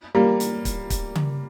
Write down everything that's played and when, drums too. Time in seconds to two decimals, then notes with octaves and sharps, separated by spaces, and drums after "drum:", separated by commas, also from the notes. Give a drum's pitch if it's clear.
0.15 G3 A#3
0.40 drum: hi-hat
0.65 drum: kick, hi-hat
0.90 drum: kick, hi-hat
1.15 drum: tom C#3